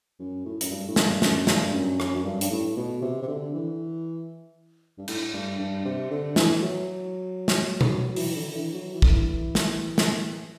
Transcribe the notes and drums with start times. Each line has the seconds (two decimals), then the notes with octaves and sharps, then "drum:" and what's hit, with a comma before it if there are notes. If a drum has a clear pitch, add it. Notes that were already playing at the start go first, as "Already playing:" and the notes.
0.19 F#2
0.45 A2
0.61 F#2, drum: hi-hat
0.71 G2
0.87 A2
0.96 G2, drum: snare
1.22 F#2, drum: snare
1.47 G2, drum: snare
1.74 F#2
2.00 F#2, drum: rim click
2.15 F#2
2.25 G2
2.41 G2, drum: hi-hat
2.50 A2
2.76 B2
3.02 C3
3.22 C3
3.28 D3
3.54 E3
4.98 G2
5.08 A2, drum: cymbal
5.33 G2
5.59 G2
5.85 C3
6.11 D3
6.36 E3, drum: snare
6.62 F#3
7.48 drum: snare
7.81 drum: tom B2
8.07 F#3
8.16 E3, drum: open hi-hat
8.30 E3
8.36 D3
8.51 D3
8.55 E3
8.74 F#3
8.94 E3
9.02 D3, drum: kick
9.10 E3
9.55 drum: snare
9.98 drum: snare